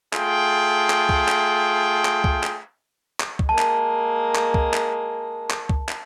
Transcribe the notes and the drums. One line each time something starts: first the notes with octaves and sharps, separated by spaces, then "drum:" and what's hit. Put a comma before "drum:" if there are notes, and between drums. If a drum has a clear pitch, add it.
A3 F4 G#4 G5, drum: clap
drum: clap
drum: kick
drum: clap
drum: clap
drum: kick
drum: clap
drum: clap
drum: kick
G#3 A#3 A5
drum: clap
drum: clap
drum: kick
drum: clap
drum: clap
drum: kick
drum: clap